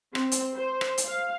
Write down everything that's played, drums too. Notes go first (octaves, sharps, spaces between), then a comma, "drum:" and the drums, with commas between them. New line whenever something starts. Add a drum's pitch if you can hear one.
C4, drum: rim click
drum: hi-hat
C5
drum: rim click
drum: hi-hat
F5